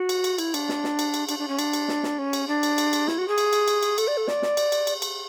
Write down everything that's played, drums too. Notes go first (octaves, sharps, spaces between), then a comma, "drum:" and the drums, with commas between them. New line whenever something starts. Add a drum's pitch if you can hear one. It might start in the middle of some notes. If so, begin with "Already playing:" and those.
Already playing: F#4
drum: cymbal
drum: cymbal
E4, drum: cymbal
D4, drum: cymbal
drum: snare
drum: snare
drum: cymbal
drum: cymbal
D4, drum: cymbal
D4
C#4
D4, drum: cymbal
drum: cymbal
drum: snare
drum: snare
C#4
drum: cymbal
D4
drum: cymbal
drum: cymbal
drum: cymbal
E4, drum: snare
F#4
G#4
drum: cymbal
drum: cymbal
drum: cymbal
drum: cymbal
A4, drum: cymbal
D5
A4
D5, drum: snare
drum: snare
drum: cymbal
drum: cymbal
drum: cymbal
drum: cymbal